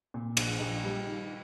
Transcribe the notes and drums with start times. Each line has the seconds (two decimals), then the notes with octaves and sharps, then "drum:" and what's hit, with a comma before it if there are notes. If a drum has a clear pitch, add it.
0.14 A#2
0.37 A#1, drum: cymbal
0.60 A#1
0.84 G3
1.06 D#3